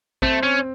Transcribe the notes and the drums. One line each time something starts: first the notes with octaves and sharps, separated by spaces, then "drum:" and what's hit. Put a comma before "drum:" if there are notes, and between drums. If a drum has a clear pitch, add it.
A3 C4, drum: kick A1
C#4